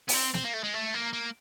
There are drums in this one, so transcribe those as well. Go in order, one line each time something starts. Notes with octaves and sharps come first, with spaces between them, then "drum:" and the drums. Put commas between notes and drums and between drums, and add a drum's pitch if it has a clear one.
B3, drum: open hi-hat
C4
C4, drum: snare
A#3
A3
G#3
A3
A#3
A#3